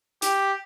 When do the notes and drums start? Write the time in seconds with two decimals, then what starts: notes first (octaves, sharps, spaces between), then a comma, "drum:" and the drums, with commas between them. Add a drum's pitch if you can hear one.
0.22 G4, drum: hi-hat